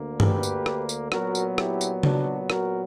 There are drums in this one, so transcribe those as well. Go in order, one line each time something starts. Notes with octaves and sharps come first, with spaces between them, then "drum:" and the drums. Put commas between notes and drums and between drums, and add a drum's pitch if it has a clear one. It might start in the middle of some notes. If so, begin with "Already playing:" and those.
Already playing: D2 D3 A#3
G4 B4, drum: tom G2
drum: tambourine
drum: rim click
drum: tambourine
A#2 F#3 B3 F#4 A#4, drum: rim click
drum: tambourine
E4 G4, drum: rim click
drum: tambourine
D4 F#4, drum: tom C#3
F#4 A#4, drum: rim click